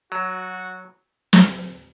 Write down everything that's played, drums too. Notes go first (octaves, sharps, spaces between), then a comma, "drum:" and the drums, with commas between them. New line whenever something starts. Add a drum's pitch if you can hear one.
F#3 F#4
drum: snare